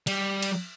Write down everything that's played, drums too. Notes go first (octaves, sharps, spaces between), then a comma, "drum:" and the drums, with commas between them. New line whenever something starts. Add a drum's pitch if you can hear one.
G3, drum: cymbal
drum: cymbal